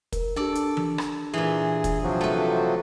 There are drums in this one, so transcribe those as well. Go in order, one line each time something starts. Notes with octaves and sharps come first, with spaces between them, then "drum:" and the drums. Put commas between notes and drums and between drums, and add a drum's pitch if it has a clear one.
A#4, drum: kick, hi-hat
D4 G4 A4 D5
drum: hi-hat
drum: tom E3
drum: rim click
A#2 E3 G#4
drum: kick, hi-hat
C3 F3 F#3
A3 B4